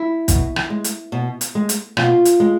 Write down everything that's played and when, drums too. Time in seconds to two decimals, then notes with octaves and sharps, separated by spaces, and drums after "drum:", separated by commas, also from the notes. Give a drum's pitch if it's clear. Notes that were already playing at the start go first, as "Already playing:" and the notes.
Already playing: E4
0.28 B2, drum: kick, hi-hat
0.56 drum: rim click
0.70 G#3
0.84 drum: hi-hat
1.12 B2
1.41 drum: hi-hat
1.55 G#3
1.69 drum: hi-hat
1.97 B2 F4, drum: rim click
2.25 drum: hi-hat
2.40 G#3